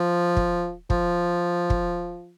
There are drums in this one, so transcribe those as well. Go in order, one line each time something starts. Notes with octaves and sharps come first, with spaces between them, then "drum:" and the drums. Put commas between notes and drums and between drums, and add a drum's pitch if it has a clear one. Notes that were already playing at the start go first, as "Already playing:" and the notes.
Already playing: F3
drum: kick
F3, drum: kick
drum: kick